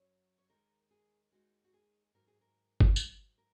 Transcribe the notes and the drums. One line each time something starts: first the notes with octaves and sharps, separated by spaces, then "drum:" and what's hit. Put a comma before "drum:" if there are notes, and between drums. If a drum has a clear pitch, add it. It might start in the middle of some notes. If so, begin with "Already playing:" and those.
Already playing: F#2 F#3 C#4 C#5
C#5
D#2 D#3 G#3 A#4
G#4
D#2 D#3 G#3 F#4
F#4
G#4
G#2 D#3 F#3 A#3 A#4
G#4
A#4
drum: kick G1
G#2 D#3 F#3 A#3, drum: tambourine
A#4